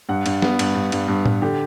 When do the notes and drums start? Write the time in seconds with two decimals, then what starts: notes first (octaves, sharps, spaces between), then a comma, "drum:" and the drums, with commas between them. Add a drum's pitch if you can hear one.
0.09 G2 F#5
0.26 G2, drum: cymbal
0.42 B3, drum: snare
0.59 G2, drum: cymbal
0.75 G2
0.92 G2, drum: cymbal
1.08 G2
1.26 G2, drum: tom A2
1.42 D3 G4